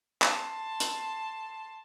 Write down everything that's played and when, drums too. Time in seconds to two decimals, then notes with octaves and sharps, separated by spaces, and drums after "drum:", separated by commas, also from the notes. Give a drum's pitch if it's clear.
0.22 A5 C6, drum: clap
0.80 drum: hi-hat